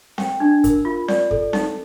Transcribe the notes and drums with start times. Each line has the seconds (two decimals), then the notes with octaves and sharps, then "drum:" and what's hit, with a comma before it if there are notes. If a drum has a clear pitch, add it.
0.18 G5, drum: snare C4
0.40 D4
0.64 A#4, drum: kick, hi-hat
0.85 F4
1.08 D5, drum: snare C4
1.31 A4, drum: kick
1.53 D#4, drum: snare C4